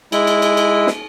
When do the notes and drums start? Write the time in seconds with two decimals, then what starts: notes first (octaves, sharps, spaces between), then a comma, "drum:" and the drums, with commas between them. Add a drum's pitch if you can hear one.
0.12 G#3 E4, drum: cymbal
0.27 drum: cymbal
0.42 drum: cymbal
0.57 drum: cymbal
0.87 drum: snare